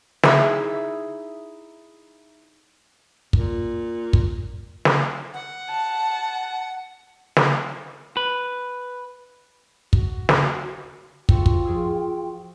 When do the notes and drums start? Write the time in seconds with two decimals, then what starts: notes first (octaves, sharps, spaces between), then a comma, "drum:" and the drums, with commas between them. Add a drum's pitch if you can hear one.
0.23 D#4 E4 G#4 E5, drum: snare
3.33 A#2, drum: kick
4.13 drum: kick
4.85 drum: snare
5.34 F#5
5.69 A5
7.37 drum: snare
8.17 B4
9.93 F#4, drum: kick
10.29 drum: snare
11.29 F4 F#4 A4 C5 G5, drum: kick
11.46 drum: kick
11.65 F3 G#4 E6